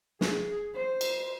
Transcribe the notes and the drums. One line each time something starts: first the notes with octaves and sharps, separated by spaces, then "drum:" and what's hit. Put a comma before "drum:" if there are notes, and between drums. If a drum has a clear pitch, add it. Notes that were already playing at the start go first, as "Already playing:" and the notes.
G#4, drum: snare
C5
drum: cymbal